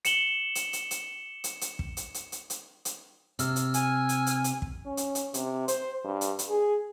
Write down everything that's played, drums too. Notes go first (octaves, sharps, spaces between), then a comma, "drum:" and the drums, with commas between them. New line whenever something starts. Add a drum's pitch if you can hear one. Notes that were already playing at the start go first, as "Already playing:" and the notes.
C#7 E7 F#7 G7, drum: hi-hat
drum: hi-hat
drum: hi-hat
drum: hi-hat
drum: hi-hat
drum: hi-hat
drum: kick
drum: hi-hat
drum: hi-hat
drum: hi-hat
drum: hi-hat
drum: hi-hat
C3 E6 F6, drum: hi-hat
drum: hi-hat
G#5, drum: hi-hat
drum: hi-hat
drum: hi-hat
drum: hi-hat
drum: kick
C#4
drum: hi-hat
drum: hi-hat
C3, drum: hi-hat
C5, drum: hi-hat
G2
drum: hi-hat
drum: hi-hat
G#4